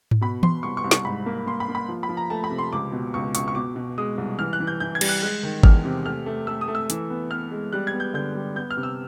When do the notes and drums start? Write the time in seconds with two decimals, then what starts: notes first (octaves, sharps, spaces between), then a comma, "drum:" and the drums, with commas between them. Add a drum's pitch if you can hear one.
0.11 drum: tom G#2
0.21 B2 B5
0.43 B2 C6, drum: tom E3
0.63 C2 C#6
0.77 C#6
0.84 C2
0.91 C#6, drum: snare
1.05 G#2 B5
1.26 A#3
1.46 A#3 C6
1.60 B5
1.68 A#3
1.75 B5
1.89 F3
2.03 B5
2.09 F3
2.17 A#5
2.30 A3 A5
2.44 B5
2.51 C3
2.58 C6
2.73 C#2 D6
2.92 B2
3.14 C#2 C#6
3.35 C#2 C#6, drum: hi-hat
3.48 C#6
3.55 B2 D6
3.76 B2
3.98 G#3 D#6
4.18 C2
4.39 E3 F6
4.53 F#6
4.60 E3
4.67 G6
4.80 E3 G6
4.95 G#6
5.01 G3, drum: cymbal
5.09 F#6
5.22 G#3 F#6
5.43 D#3
5.63 E2 F6, drum: kick G#1
5.85 C3
6.06 A3 F6
6.26 A3
6.47 A3 E6
6.61 D#6
6.68 A3
6.75 E6
6.90 E3, drum: hi-hat
7.10 B3
7.31 B3 F6
7.51 G#3
7.73 G3 F#6
7.87 G#6
7.93 B3
8.00 G6
8.14 D3 G6
8.35 G3
8.56 B3 G6
8.71 F6
8.77 C3
8.83 E6